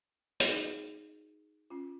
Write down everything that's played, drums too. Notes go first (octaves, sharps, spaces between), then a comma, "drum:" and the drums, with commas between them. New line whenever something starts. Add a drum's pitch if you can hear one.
G#4, drum: hi-hat
D#4 F#4
C#4 F4